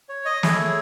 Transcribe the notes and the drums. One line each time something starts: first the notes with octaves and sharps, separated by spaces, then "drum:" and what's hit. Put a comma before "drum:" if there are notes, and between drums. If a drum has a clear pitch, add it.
C#5
D#5
A3 E4 G#4 C#5, drum: snare